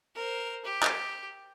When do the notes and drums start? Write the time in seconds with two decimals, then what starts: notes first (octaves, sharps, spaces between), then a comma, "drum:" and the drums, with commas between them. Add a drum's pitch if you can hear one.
0.16 A#4 C5
0.65 G4
0.82 drum: clap